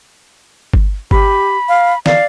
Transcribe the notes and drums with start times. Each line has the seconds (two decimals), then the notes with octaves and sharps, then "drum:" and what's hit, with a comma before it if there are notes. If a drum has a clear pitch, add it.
0.73 drum: kick G1
1.11 G4 B5, drum: kick G1
1.69 F5
2.06 D5 F5, drum: snare